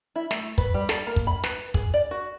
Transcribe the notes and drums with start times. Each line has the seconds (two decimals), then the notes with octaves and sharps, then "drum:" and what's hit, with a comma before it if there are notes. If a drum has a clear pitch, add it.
0.16 E4
0.31 A3, drum: snare
0.58 B4, drum: kick
0.74 G3
0.89 A4, drum: snare
1.07 A#3
1.16 drum: kick
1.27 B5
1.44 B4, drum: snare
1.74 G#4, drum: kick
1.94 D5
2.11 F#4